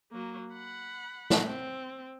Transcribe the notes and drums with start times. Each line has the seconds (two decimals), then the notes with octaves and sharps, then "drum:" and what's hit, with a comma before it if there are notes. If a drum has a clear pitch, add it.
0.12 F#3 A#3
0.53 F#5 B5
1.30 drum: snare
1.46 C4